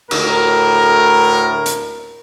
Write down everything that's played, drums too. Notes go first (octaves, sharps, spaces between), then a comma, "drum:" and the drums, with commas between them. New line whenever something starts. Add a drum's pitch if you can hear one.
D2 A2 A#4, drum: cymbal
drum: hi-hat